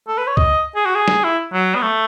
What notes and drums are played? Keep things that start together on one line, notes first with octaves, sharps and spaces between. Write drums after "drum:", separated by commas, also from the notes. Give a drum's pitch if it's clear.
A4
B4
C#5
D#5, drum: kick C#2
G#4
F#4
G#4
drum: snare
E4
F#3
B3
A3